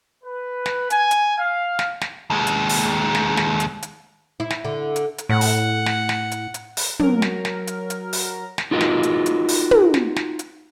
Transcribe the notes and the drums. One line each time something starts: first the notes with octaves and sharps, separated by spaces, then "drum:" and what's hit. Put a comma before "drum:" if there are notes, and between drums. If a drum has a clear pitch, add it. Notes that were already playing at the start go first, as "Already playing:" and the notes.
B4
drum: snare
G#5, drum: hi-hat
drum: hi-hat
F5
drum: snare
drum: snare
D#2 G#3
drum: hi-hat
drum: open hi-hat
drum: snare
drum: snare
drum: hi-hat
drum: hi-hat
E4
drum: snare
D3
drum: hi-hat
drum: hi-hat
A2 F#5
drum: open hi-hat
drum: snare
drum: snare
drum: hi-hat
drum: hi-hat
drum: open hi-hat
F#3 A#4, drum: tom
drum: snare
drum: snare
drum: hi-hat
drum: hi-hat
drum: open hi-hat
drum: snare
D#4 F4 F#4 A#4 B4 D#5
drum: snare
drum: hi-hat
drum: hi-hat
drum: open hi-hat
drum: tom
drum: snare
drum: snare
drum: hi-hat